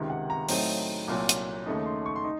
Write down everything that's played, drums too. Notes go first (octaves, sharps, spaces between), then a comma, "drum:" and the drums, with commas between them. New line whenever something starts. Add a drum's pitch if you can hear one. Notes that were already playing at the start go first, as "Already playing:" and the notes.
Already playing: C#2 C3 D#3
F#5
A#5
A2 F#3 A3 C4 D#4, drum: open hi-hat
C2 A#2 F#3
drum: hi-hat
D#2 C#3 A3 D#4
C6
C#6
C6
D#4